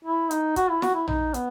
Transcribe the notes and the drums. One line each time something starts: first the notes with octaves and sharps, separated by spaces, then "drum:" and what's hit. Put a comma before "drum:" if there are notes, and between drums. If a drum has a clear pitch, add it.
E4
D#4, drum: hi-hat
F#4, drum: kick, hi-hat
E4
F#4, drum: snare
E4
D#4, drum: tom A#1
B3, drum: hi-hat